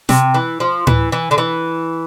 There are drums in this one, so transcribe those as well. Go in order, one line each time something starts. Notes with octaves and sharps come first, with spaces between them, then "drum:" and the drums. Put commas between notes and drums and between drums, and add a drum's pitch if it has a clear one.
C3, drum: snare
E3
F3
E3, drum: tom A2
E3
D3
E3